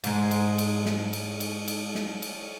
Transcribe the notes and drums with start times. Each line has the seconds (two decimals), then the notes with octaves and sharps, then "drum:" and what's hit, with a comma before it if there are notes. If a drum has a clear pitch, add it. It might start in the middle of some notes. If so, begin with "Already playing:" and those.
0.04 G#2 G#3, drum: cymbal
0.31 drum: cymbal
0.58 drum: cymbal
0.86 drum: snare
1.13 drum: cymbal
1.40 drum: cymbal
1.68 drum: cymbal
1.95 drum: snare
2.22 drum: cymbal